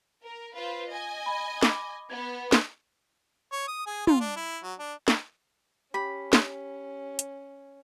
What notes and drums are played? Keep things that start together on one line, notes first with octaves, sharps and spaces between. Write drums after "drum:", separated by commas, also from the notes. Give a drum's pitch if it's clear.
A#4
F4 B4 C5
D#5 G#5
B5
B5 D6, drum: snare
B3 G#6
drum: snare
C#5
D#6
G#4
F4, drum: tom
D4
E4
F#3
D4
drum: snare
C#4 G4 B5
drum: snare
drum: hi-hat